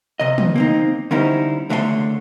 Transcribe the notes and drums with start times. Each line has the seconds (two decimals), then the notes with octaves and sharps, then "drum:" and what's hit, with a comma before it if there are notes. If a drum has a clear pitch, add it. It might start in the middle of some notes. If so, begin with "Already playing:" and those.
0.20 C3 D#5
0.38 drum: tom
0.56 A#3 C4 D#4
1.11 D3 G3 C#4 D#4 E4 C5
1.70 C#2 D3 A3 E5 F5 C6